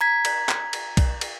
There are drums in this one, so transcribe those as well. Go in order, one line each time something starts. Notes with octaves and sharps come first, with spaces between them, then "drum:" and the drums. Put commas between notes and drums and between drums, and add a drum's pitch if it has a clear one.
A#5 G#6 B6
drum: cymbal
drum: clap
drum: cymbal
drum: kick B1, cymbal
drum: cymbal